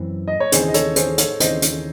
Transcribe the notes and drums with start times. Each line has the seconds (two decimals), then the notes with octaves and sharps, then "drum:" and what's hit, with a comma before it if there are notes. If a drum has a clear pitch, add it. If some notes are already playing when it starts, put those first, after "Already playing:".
Already playing: F#2 E3 C4
0.28 D#5
0.40 C#5
0.52 D#2 C#3 E3 C4 D#4 G#4 C5, drum: hi-hat
0.68 D#5
0.74 A4 C#5, drum: hi-hat
0.96 G#4 C5, drum: hi-hat
1.18 A4 C#5, drum: hi-hat
1.40 D#2 C#3 E3 C4 D#4 C5 D#5, drum: hi-hat
1.62 drum: hi-hat